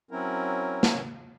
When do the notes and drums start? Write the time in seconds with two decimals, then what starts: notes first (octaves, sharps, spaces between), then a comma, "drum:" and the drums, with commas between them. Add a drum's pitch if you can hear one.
0.11 F#3 C4 C#4 E4 A#4
0.83 drum: snare